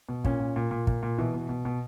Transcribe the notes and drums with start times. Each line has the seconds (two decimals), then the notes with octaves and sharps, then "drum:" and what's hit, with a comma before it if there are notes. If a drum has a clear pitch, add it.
0.09 B2
0.24 A#2 C#4, drum: kick
0.40 A#2
0.56 A#2
0.71 A#2
0.87 A#2, drum: kick
1.03 A#2
1.18 B2 E3
1.34 B2
1.49 B2
1.65 B2